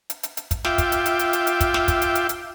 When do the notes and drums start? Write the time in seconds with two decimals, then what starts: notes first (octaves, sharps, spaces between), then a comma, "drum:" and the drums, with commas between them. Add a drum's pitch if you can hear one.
0.10 drum: hi-hat
0.23 drum: hi-hat
0.37 drum: hi-hat
0.51 drum: kick, hi-hat
0.65 F4 E5 G5 D6, drum: snare
0.78 drum: kick, hi-hat
0.92 drum: hi-hat
1.06 drum: hi-hat
1.19 drum: hi-hat
1.33 drum: hi-hat
1.47 drum: hi-hat
1.61 drum: kick, hi-hat
1.74 drum: snare
1.88 drum: kick, hi-hat
2.02 drum: hi-hat
2.15 drum: hi-hat
2.29 drum: hi-hat